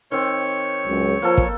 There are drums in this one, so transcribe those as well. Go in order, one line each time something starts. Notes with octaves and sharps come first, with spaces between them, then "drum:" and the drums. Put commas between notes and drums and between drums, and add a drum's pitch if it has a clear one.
D#3 C4 C#5
C#2 F#2
F3 A#3 A4
drum: kick